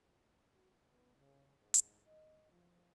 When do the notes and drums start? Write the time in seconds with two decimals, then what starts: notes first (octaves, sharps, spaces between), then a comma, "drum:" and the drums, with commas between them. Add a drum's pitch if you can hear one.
0.54 F#4
0.86 B3
1.18 C#3
1.60 G#2
1.74 drum: hi-hat
2.07 D#5
2.51 F3